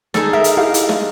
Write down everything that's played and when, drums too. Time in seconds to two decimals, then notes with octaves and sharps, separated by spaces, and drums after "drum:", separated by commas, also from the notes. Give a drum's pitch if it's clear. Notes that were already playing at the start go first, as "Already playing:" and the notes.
0.14 D#4 G#4 A4, drum: snare
0.33 A#4 E5
0.44 drum: hi-hat
0.57 E4 G4 F5
0.74 drum: hi-hat
0.89 drum: snare